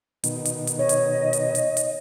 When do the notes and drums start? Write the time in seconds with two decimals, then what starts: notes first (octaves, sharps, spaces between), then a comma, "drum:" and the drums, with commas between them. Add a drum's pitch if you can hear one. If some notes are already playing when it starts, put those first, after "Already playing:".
0.24 B2 D#3, drum: hi-hat
0.45 drum: hi-hat
0.67 drum: hi-hat
0.79 C#5 D#5
0.89 drum: hi-hat
1.33 drum: hi-hat
1.55 drum: hi-hat
1.77 drum: hi-hat